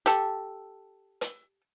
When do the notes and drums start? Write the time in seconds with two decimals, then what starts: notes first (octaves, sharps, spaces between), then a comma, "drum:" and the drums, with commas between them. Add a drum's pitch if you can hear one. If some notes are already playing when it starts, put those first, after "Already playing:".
0.06 G4 A4, drum: hi-hat
1.21 drum: hi-hat